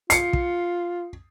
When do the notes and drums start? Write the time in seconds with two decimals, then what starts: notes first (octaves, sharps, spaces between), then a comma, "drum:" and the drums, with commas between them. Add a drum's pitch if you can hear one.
0.10 F4 C7 C#7, drum: hi-hat
0.33 drum: kick